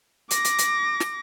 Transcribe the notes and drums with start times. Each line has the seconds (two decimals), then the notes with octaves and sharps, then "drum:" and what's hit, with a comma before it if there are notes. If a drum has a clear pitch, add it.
0.31 D6 A#6, drum: hi-hat
0.44 drum: hi-hat
0.58 drum: hi-hat
1.00 drum: snare